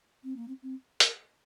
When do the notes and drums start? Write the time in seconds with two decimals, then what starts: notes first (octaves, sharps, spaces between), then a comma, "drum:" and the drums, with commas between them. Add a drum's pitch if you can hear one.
0.24 C4
0.36 A#3
0.48 C4
0.63 C4
1.00 A#4, drum: hi-hat